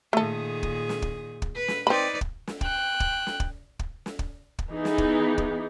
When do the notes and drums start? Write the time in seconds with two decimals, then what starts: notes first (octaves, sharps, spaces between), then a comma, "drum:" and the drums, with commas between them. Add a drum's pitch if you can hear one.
0.13 A#2 D#3 A3 G#4 A4
0.63 drum: kick
0.89 drum: snare
1.02 drum: kick
1.42 drum: kick
1.55 B4
1.68 drum: snare
1.87 C4 D#4 B4 D5 B5
2.21 drum: kick
2.47 drum: snare
2.61 G5 F#6, drum: kick
3.00 drum: kick
3.27 drum: snare
3.40 drum: kick
3.79 drum: kick
4.06 drum: snare
4.19 drum: kick
4.59 drum: kick
4.70 E3 B3 D#4 G#4
4.85 drum: snare
4.98 drum: kick
5.38 drum: kick